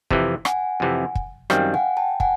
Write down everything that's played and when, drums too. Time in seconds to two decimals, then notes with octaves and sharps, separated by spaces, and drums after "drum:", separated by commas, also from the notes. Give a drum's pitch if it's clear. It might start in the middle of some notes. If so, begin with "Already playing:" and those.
0.10 F2 C3 E3, drum: kick
0.45 F#5 G#5, drum: rim click
0.80 F2 C3 E3
1.15 drum: kick
1.50 F#2 D#3 G3 C4 F5 G5, drum: rim click
1.74 F#5 G#5
1.97 G5 A5
2.20 F#5 G#5, drum: kick